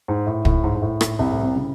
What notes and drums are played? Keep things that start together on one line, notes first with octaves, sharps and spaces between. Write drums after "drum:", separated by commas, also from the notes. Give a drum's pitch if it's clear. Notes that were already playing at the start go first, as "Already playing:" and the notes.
G#2
A2
A2, drum: kick
G#2
G#2
A2
drum: rim click
C2 C3
A2
C3
C#3